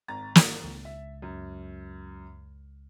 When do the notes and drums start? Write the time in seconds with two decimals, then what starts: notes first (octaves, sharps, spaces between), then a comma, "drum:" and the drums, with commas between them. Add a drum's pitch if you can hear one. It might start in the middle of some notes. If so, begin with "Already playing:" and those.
0.08 G#1 A#5 A6
0.35 drum: snare
0.64 C#2
0.85 E5
1.22 F#2